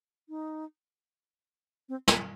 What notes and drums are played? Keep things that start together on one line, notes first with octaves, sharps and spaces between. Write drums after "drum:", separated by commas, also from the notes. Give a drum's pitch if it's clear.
D#4
C4
A#3, drum: snare